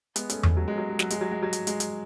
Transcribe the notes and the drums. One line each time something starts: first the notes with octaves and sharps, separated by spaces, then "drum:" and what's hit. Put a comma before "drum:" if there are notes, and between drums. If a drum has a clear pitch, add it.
G#3 B3, drum: hi-hat
A3 C#4, drum: hi-hat
drum: tom E2
F#3
G#3
F#3
G#3
F#3, drum: snare
G#3, drum: hi-hat
F#3
G#3
F#3
drum: hi-hat
G#3, drum: hi-hat
drum: hi-hat